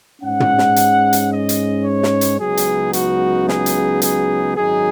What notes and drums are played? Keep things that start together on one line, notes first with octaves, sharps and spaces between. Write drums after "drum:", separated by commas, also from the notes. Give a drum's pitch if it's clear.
G#2 G#3 C#4 F#5
drum: tom
drum: snare
drum: hi-hat
drum: hi-hat
D#5
drum: hi-hat
C#5
drum: snare
drum: hi-hat
C#2 C#3 F#3 B3 D#4 G#4
drum: hi-hat
F#4, drum: hi-hat
G#4, drum: snare
drum: hi-hat
G#4, drum: hi-hat
G#1 F#2 F#3 D#4 G#4